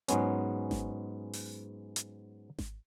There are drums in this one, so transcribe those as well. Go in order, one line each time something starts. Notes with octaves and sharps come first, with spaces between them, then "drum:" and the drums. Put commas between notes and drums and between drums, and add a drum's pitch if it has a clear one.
G#2 F#3 G#3 B3 C#4, drum: hi-hat
drum: snare G#1
drum: open hi-hat
drum: hi-hat
drum: snare G#1